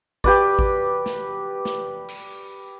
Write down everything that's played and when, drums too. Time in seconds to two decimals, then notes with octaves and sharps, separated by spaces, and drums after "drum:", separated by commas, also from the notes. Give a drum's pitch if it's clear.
0.24 G4 B4 D5, drum: kick G#1
0.59 drum: kick G#1
1.06 drum: snare
1.65 drum: snare
2.09 drum: cymbal